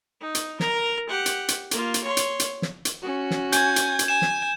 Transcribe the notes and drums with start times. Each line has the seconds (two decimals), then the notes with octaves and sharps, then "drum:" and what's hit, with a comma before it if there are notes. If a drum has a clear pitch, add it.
0.21 D#4
0.35 drum: hi-hat
0.60 A#4 A#5, drum: snare
1.09 G4 F#5
1.26 drum: hi-hat
1.48 drum: hi-hat
1.71 A#3 F4, drum: hi-hat
1.94 drum: hi-hat
2.03 C#5 C6
2.17 drum: hi-hat
2.40 drum: hi-hat
2.62 drum: snare
2.85 drum: hi-hat
3.02 C#4 F#4
3.31 drum: snare
3.52 G#5 G6 G#6, drum: hi-hat
3.76 drum: hi-hat
3.99 drum: hi-hat
4.08 G#5 E7
4.22 drum: snare